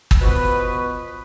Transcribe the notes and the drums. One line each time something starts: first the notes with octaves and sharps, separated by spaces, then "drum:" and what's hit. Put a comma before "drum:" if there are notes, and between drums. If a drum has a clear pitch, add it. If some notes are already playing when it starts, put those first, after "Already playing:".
drum: kick G1
B2 F3 B3 F#4 B4